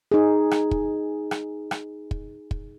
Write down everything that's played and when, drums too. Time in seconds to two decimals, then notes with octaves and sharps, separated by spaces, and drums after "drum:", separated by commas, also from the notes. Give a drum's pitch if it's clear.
0.12 D#4 G#4
0.51 drum: rim click
0.71 drum: kick
1.31 drum: rim click
1.71 drum: rim click
2.11 drum: kick
2.51 drum: kick